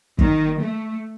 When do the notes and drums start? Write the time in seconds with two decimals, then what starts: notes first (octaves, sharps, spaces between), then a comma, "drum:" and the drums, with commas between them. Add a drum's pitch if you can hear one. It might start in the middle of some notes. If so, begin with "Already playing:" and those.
0.19 D#3, drum: kick
0.59 A3